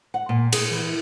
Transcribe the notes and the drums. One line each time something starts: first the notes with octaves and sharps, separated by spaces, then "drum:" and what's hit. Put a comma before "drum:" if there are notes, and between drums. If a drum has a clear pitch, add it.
F#5
A#2
G#4, drum: cymbal
E3